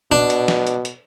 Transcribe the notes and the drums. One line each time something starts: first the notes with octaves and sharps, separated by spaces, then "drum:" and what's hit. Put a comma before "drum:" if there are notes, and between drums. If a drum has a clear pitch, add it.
B2 D4, drum: tom A#2
drum: hi-hat
drum: snare
drum: hi-hat
drum: hi-hat